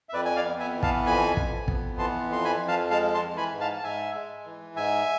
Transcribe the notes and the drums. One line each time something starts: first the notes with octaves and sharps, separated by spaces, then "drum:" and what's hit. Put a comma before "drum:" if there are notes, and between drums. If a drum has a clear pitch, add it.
E5
F2 B4 D5
G#5
D5 F5
B3
E5 G#5
E3
F5 A5, drum: kick
F2 G#5 B5
F2, drum: kick
B3, drum: kick
E3 A5 C6
F2 C6
G#5 B5
F2
F5 A5
G#3 F5 A5
A5 C6
E3
G#5 B5
G#2
F5 A5
A5
G#2 E5 G#5
G#3
E3
G#2 E5 G#5